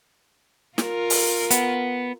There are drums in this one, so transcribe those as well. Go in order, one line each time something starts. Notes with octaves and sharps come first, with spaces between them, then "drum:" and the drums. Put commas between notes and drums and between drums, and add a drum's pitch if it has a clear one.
F4 A#4, drum: snare
drum: open hi-hat
B3, drum: hi-hat